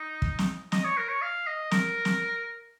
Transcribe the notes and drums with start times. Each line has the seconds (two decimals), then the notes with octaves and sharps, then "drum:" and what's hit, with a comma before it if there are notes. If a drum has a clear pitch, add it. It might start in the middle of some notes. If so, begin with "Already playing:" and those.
Already playing: D#4
0.22 drum: kick
0.39 drum: snare
0.72 D#5, drum: snare
0.84 C#5
0.97 A#4
1.09 C#5
1.22 F5
1.47 D#5
1.71 A#4, drum: snare
2.05 drum: snare